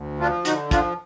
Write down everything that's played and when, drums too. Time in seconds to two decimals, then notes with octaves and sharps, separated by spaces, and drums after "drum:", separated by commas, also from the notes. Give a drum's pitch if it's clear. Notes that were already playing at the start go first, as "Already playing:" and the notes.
Already playing: D2
0.19 F3 D4 F4
0.45 D3 D#4 F#4, drum: hi-hat
0.71 F3 D4 F4, drum: kick, hi-hat